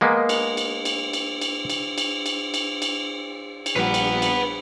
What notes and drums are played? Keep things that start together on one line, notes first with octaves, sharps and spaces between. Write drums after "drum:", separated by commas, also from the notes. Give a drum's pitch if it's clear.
G#3 A#3 B3
drum: cymbal
drum: cymbal
drum: cymbal
drum: cymbal
drum: cymbal
drum: cymbal
drum: cymbal
drum: cymbal
drum: cymbal
drum: cymbal
drum: cymbal
A#1 F3 G3 B4 F#5
drum: cymbal
drum: cymbal